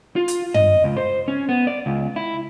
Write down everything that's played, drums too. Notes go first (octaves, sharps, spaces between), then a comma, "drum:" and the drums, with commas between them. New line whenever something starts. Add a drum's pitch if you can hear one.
F4
drum: hi-hat
D#5, drum: tom
C#2
C5
C#4
B3
D5
C#2
E4